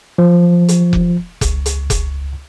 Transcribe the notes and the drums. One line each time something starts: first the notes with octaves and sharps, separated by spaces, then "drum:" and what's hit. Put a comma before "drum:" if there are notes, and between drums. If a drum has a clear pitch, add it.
F3
drum: hi-hat
drum: kick F1
C#2, drum: kick F1, hi-hat
drum: hi-hat
drum: kick F1, hi-hat